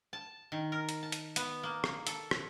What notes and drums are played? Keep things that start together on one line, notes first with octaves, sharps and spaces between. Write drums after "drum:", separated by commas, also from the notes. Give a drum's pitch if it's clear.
A5
D#3
A#4
drum: hi-hat
A5
drum: hi-hat
B3, drum: hi-hat
A#3
drum: rim click
A4, drum: hi-hat
drum: rim click